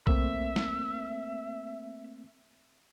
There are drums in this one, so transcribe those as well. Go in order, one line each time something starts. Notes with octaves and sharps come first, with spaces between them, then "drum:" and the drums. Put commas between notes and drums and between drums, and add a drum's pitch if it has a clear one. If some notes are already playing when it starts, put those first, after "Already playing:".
A3 A#3 C4 E5, drum: kick B1
drum: snare